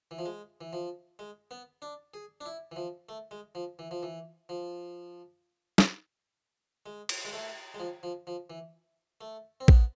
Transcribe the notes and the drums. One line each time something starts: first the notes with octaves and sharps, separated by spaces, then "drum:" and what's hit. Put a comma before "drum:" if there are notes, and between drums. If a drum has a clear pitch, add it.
E3
F3
G#3
E3
F3
G#3
B3
D4
G#4
D4
E4
E3
F3
A3
G#3
F3
E3
F3
E3
F3
drum: snare
G#3
drum: cymbal
G#3
A3
G#3
F3
F3
F3
E3
A3
C4
B3, drum: kick